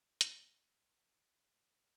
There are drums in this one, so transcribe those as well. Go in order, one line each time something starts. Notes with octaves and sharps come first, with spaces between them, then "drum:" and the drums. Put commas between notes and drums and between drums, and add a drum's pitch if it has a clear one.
C4, drum: hi-hat
C3
C3
F#3
F3
F2
F2
C#3